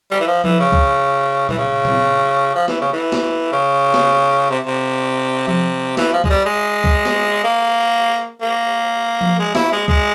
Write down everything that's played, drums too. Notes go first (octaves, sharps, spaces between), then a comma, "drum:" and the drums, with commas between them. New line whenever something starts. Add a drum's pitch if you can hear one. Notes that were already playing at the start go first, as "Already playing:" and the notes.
G3
E3
F3
E3, drum: tom F3
C#3
drum: kick C#2
E3, drum: tom
C#3
drum: tom
F3
E3, drum: snare
C#3
E3
drum: snare
C#3
drum: snare
C3
C3
C3, drum: tom F3
E3, drum: snare
F3
G#3, drum: kick C#2
G3
G#3
drum: kick C#2
drum: snare
A#3
A#3
drum: tom F3
G#3
E4, drum: snare
G#3
G#3, drum: kick C#2